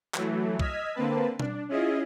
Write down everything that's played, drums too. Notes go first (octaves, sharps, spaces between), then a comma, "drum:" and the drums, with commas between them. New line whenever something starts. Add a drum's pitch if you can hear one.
E3 F#3 A3, drum: clap
D#5 E6 F6 G#6 B6, drum: kick C2
D3 A#3 C4 B4 A5
D4, drum: tom B2
C#4 E4 F4 G#4 D#5